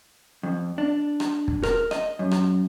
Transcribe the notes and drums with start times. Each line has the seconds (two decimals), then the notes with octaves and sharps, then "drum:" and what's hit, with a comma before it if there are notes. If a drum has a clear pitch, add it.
0.43 F2
0.78 D4
1.20 drum: rim click
1.48 drum: kick
1.63 A#4, drum: rim click
1.91 D#5, drum: rim click
2.19 F#2
2.31 drum: rim click